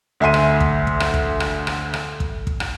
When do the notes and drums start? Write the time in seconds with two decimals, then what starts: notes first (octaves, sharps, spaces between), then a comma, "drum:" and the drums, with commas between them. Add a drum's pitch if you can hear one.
0.20 D2 E5 G#5 C6 D#7
0.34 drum: rim click
0.60 drum: kick
0.87 drum: kick
1.00 drum: rim click
1.14 drum: kick
1.40 drum: rim click
1.67 drum: rim click
1.94 drum: rim click
2.20 drum: kick
2.47 drum: kick
2.60 drum: rim click